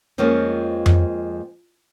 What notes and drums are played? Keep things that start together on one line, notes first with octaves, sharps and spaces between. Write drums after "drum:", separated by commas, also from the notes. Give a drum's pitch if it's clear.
F2 F3 G#3 A#3 C4 C#4
drum: tom F2